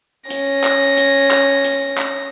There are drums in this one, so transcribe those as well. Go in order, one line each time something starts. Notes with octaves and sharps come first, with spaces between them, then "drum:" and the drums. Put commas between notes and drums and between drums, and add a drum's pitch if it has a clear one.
C#4 A#6, drum: hi-hat
drum: clap
drum: hi-hat
drum: clap
drum: hi-hat
drum: clap